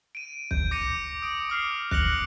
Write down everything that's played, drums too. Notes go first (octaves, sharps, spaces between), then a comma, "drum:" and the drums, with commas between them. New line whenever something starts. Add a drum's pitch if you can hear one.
D7 D#7
G6, drum: kick
D6 A#6 C#7 D#7
D#6 D7
D6 F6 C7
F#6 A#6 C#7 F#7, drum: kick